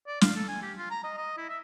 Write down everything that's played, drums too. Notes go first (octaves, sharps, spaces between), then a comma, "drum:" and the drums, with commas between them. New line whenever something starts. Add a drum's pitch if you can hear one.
D5
F5, drum: snare
A4
G#5
G4
F4
A#5
D#5
D#5
E4
E5